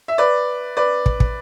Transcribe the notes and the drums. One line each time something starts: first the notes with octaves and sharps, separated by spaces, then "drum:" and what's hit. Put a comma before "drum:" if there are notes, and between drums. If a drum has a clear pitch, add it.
E5
B4 D5
B4 D5
drum: kick
drum: kick